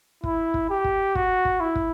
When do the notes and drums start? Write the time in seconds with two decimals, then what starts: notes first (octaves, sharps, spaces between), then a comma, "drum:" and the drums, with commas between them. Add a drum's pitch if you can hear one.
0.24 E4, drum: kick
0.54 drum: kick
0.69 G4
0.84 drum: kick
1.15 F#4, drum: kick
1.45 drum: kick
1.60 E4
1.76 drum: kick